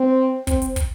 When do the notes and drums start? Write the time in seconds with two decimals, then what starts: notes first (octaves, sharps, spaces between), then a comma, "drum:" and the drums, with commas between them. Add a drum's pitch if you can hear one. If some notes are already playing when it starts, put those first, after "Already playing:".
Already playing: C4
0.47 C4, drum: kick, hi-hat
0.62 drum: hi-hat
0.76 drum: kick, hi-hat